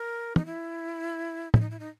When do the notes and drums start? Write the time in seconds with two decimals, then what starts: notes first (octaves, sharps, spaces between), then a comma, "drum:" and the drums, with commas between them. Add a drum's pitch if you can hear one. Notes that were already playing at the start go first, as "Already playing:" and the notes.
Already playing: A#4
0.36 D#4, drum: tom
0.46 E4
1.54 E4, drum: tom
1.61 D#4
1.71 E4
1.80 D#4